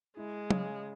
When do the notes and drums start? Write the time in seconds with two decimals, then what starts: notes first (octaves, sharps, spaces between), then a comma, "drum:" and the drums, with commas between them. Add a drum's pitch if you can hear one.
0.17 G#3 E4
0.50 C#3, drum: tom